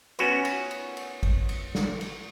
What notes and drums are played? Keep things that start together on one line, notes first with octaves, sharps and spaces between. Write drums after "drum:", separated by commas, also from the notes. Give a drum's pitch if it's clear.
B3 C#4 F#4 B4, drum: cymbal
drum: cymbal
drum: cymbal
drum: cymbal
drum: kick G#1, cymbal
drum: cymbal
drum: snare
drum: cymbal